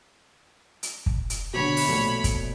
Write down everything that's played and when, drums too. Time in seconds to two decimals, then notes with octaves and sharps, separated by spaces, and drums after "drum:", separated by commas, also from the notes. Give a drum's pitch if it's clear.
0.83 drum: hi-hat
1.06 drum: kick
1.30 drum: hi-hat
1.53 B2 D3 C#5 B5
1.77 drum: open hi-hat
1.87 A#1 B2 A3
2.24 drum: kick, hi-hat